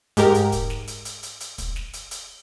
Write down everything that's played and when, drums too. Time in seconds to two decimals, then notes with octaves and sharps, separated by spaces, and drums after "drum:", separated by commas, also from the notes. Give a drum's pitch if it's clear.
0.17 G#2 G4 A#4, drum: hi-hat
0.35 drum: hi-hat
0.52 drum: kick, hi-hat
0.70 drum: snare
0.88 drum: hi-hat
1.05 drum: hi-hat
1.23 drum: hi-hat
1.41 drum: hi-hat
1.58 drum: kick, hi-hat
1.76 drum: snare
1.94 drum: hi-hat
2.11 drum: hi-hat